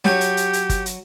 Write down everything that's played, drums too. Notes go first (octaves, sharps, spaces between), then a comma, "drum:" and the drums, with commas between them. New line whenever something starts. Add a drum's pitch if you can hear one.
F#3 G4 C#5, drum: snare
drum: hi-hat
drum: hi-hat
drum: hi-hat
drum: kick G1, hi-hat
drum: hi-hat